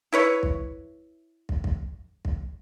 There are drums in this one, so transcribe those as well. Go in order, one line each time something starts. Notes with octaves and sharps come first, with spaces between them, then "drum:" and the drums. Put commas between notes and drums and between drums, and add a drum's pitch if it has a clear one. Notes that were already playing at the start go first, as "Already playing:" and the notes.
E4 B4 C#5
drum: kick
drum: kick
drum: kick
drum: kick